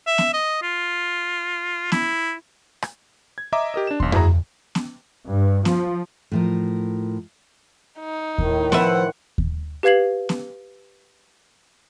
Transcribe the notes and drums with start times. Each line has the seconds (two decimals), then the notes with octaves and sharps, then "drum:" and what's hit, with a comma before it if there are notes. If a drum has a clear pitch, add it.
0.07 E5
0.18 drum: snare B3
0.33 D#5
0.62 F4
1.92 E4, drum: snare B3
2.82 drum: rim click
3.38 G#6
3.52 D#5 E5 A#5 D6
3.74 G4 A#4 D#5
3.87 D4 E7
4.00 B1 C6, drum: kick D#2
4.12 E4 F#4 G#4 A#5, drum: tom F2
4.75 drum: snare B3
5.28 G2
5.65 F3, drum: snare B3
6.32 A2 F3 A#4
8.00 D#4
8.38 A2 D#3, drum: kick D#2
8.72 F3 B4 E5 F#5, drum: snare B3
9.38 drum: kick D#2
9.83 G4 B4 F5 G#6 C7 F#7
10.29 drum: snare B3